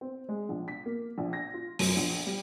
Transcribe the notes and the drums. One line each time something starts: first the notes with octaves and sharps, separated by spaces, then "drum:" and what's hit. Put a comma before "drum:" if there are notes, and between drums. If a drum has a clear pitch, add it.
C4
G#3
A#1
B6
A#3
A#1
A#6
F4
F#2, drum: open hi-hat
A#1
G3